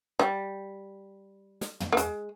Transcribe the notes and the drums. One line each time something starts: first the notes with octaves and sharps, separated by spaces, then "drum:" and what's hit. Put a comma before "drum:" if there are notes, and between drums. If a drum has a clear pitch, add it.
G3, drum: rim click
drum: snare
drum: tom
A#3
G#3, drum: hi-hat